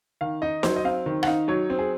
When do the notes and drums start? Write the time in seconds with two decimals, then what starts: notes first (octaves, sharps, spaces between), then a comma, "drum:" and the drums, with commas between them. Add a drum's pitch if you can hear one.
0.21 D#3 F5
0.42 D#4 D#5
0.63 F#3 C5, drum: snare
0.76 D#5
0.84 C4 F5
1.06 D#3
1.23 F#5, drum: rim click
1.27 D#4 F5
1.48 F#3 C#5
1.70 C4
1.79 G#4